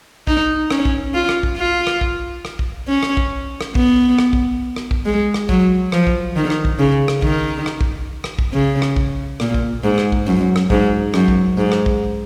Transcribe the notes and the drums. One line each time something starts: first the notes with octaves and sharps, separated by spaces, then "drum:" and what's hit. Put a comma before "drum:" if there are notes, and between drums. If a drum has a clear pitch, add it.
D#4, drum: kick
C#4, drum: rim click
drum: kick
F4
drum: rim click
drum: kick
F4
drum: rim click
drum: kick
drum: rim click
drum: kick
C#4
drum: rim click
drum: kick
drum: rim click
B3, drum: kick
drum: rim click
drum: kick
drum: rim click
drum: kick
G#3
drum: rim click
F#3, drum: kick
F3, drum: rim click
drum: kick
D#3
drum: rim click
drum: kick
C#3
drum: rim click
D#3, drum: kick
drum: rim click
drum: kick
drum: rim click
drum: kick
C#3
drum: rim click
drum: kick
A#2, drum: rim click
drum: kick
G#2
drum: rim click
drum: kick
F#2
drum: rim click
G#2, drum: kick
F#2, drum: rim click
drum: kick
G#2
drum: rim click
drum: kick